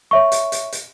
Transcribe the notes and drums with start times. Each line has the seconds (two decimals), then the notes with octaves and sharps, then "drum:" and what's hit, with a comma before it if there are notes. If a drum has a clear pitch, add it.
0.11 C#5 E5 C#6
0.32 drum: hi-hat
0.52 drum: hi-hat
0.72 drum: hi-hat